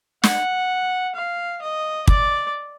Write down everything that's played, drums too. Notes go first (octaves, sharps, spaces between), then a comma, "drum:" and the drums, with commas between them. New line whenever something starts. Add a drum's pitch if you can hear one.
F#5, drum: snare
F5
D#5
D5, drum: kick